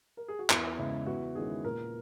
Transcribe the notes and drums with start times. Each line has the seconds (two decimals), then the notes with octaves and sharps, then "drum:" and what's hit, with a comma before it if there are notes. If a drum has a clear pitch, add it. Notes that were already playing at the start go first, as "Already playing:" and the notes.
0.17 A#4
0.28 G#4
0.39 F#4
0.50 E2 E4, drum: clap
0.79 C#3 G#3 E4
1.07 E2 F#4
1.35 D#3 G#3 C#4 E4 G#4
1.64 A#2 A#4